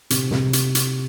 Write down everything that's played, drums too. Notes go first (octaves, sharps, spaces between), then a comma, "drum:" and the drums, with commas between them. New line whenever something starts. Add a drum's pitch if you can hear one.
C3, drum: hi-hat
C3, drum: snare
drum: hi-hat
drum: hi-hat